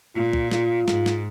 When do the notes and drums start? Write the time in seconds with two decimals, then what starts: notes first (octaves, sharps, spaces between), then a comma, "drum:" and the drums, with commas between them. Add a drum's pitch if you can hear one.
0.15 A#2 F4
0.33 drum: kick
0.51 F4, drum: snare
0.88 G#2, drum: snare
1.06 drum: snare